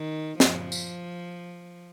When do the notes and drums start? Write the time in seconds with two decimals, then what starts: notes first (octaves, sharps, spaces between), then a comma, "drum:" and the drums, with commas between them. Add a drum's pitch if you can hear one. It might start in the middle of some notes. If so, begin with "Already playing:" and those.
Already playing: D#3
0.40 F3, drum: snare
0.72 drum: tambourine